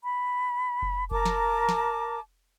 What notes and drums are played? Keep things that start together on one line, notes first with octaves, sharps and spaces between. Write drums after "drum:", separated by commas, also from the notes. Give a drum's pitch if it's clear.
B5
drum: kick F#1
A#4 A5 A#5 D6, drum: kick F#1
drum: snare
drum: snare